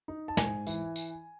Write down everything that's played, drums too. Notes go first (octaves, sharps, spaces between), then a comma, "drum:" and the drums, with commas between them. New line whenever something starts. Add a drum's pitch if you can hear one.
D#4
A5
G#2 G#5, drum: snare
E3, drum: tambourine
drum: tambourine